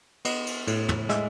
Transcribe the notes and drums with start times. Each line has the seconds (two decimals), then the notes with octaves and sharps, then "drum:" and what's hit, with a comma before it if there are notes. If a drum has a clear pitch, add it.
0.25 B3 D#5, drum: cymbal
0.46 drum: cymbal
0.67 A2, drum: cymbal
0.89 drum: tom
1.09 G#3 E5, drum: snare